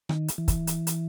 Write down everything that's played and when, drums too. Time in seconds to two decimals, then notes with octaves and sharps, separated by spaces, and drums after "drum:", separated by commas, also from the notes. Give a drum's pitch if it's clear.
0.09 D#3, drum: rim click
0.28 drum: hi-hat
0.38 E3
0.48 drum: kick, hi-hat
0.67 drum: hi-hat
0.87 drum: hi-hat